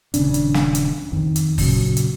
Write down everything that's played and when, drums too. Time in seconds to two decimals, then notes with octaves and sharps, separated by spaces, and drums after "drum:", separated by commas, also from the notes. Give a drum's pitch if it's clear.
0.14 D#1 C#2 C#3 D4, drum: hi-hat
0.34 drum: hi-hat
0.54 drum: snare
0.75 drum: hi-hat
1.12 F2 D#3
1.36 drum: hi-hat
1.58 A#2 C#3 F#3, drum: kick, open hi-hat
1.97 drum: hi-hat